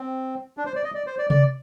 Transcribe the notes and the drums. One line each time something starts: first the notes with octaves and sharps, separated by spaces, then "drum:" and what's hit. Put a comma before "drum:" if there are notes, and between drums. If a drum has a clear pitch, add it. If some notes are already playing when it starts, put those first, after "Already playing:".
Already playing: C4
D4
C5
D5
D#5
D5
C5
D5
D5, drum: tom C3